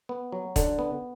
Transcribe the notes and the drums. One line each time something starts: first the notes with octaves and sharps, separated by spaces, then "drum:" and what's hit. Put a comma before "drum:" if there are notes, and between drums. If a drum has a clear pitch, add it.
B3
F#3
D3, drum: kick, hi-hat
B3